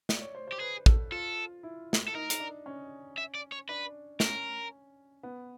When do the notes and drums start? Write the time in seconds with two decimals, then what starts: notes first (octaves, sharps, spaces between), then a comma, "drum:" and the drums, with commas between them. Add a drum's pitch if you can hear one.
0.09 D5, drum: snare
0.21 C#5
0.35 C5
0.48 C5
0.52 G4
0.60 G#4 B4
0.86 A4, drum: kick
1.12 F4 A4
1.63 E4
1.93 drum: snare
2.08 A4
2.14 D#4 A#4
2.30 drum: hi-hat
2.40 D4
2.66 C#4
3.18 E5
3.35 D5
3.52 C#5
3.69 D4 B4
4.20 C#4 A#4, drum: snare
5.23 B3